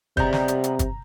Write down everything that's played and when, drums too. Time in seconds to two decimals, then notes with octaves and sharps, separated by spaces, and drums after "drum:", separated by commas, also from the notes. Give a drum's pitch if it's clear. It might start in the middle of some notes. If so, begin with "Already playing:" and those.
0.17 C3 G3 G#3 B3 A#5 G6, drum: kick
0.33 drum: snare
0.48 drum: hi-hat
0.64 drum: hi-hat
0.79 drum: kick, hi-hat